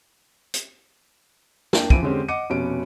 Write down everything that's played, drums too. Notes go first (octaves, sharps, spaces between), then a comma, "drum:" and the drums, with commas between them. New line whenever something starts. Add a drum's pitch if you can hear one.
drum: hi-hat
A#3 D4 G5, drum: snare
E3 F3 E4 D7 D#7, drum: kick
D3 G#3 C4 C#4 G4
D#5 F#5 D6 C#7 D#7
F1 B2 C#4 D7